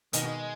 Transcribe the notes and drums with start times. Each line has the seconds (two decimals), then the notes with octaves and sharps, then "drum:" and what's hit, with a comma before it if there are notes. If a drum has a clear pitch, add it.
0.13 B2 D#3 G#3, drum: hi-hat